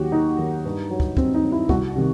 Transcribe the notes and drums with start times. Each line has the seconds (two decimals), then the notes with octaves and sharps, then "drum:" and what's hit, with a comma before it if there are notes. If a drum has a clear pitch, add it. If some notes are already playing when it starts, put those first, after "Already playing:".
Already playing: D#2 D#3 F#3 F#4 G4
0.12 D#2 D#4
0.38 D#3 F#3
0.65 G2
0.90 F#3
1.00 drum: kick
1.17 G2 C4, drum: kick
1.34 D#4
1.43 F#3
1.52 E4
1.69 C2 F#4, drum: kick
1.96 C3 D#3